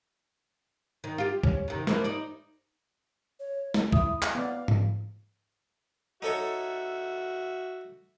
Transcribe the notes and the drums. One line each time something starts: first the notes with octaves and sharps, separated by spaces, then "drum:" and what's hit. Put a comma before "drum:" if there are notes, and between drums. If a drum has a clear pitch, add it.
D#3
F4 G4
C#4, drum: kick
C3 D#3
E3 F3 A#3, drum: snare
D#4 D5
C#5
drum: snare
E4 D#6, drum: kick
F5, drum: clap
B3 D5
drum: tom G#2
D#4 F#4 A4 C#5 E5